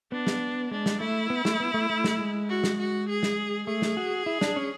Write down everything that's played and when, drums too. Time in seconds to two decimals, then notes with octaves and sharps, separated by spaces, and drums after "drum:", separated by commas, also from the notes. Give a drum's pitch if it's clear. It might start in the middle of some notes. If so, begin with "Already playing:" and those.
0.12 B3 D4
0.27 drum: snare
0.71 G#3 D4
0.86 drum: snare
1.00 A3 E4
1.30 B3
1.45 A3, drum: snare
1.60 B3
1.74 A3
1.90 A3
2.04 drum: snare
2.19 G#3
2.49 F#4
2.64 drum: snare
2.78 F#4
3.09 G#4
3.23 drum: snare
3.67 A3 G#4
3.82 drum: snare
3.97 F#4
4.26 E4
4.41 D4, drum: snare
4.56 C#4